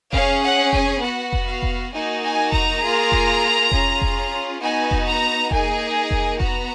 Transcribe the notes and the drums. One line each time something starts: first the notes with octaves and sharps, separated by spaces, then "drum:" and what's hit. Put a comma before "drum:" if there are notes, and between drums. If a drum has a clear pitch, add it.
C#4 G#4 F5, drum: kick F1
F#5
G#5, drum: kick F1
B3 F#4 F#5
drum: kick F1
F5
drum: kick F1
A#3 D#4 F#4 G#5
G#5
A#5, drum: kick F1
A#3 F4 G#4
drum: kick F1
C#4 F4 G#4, drum: kick F1
drum: kick F1
B3 D#4 F#4 G#5
drum: kick F1
A#5
A#3 D#4 G#4 G#5, drum: kick F1
drum: kick F1
B3 F#4 A#5, drum: kick F1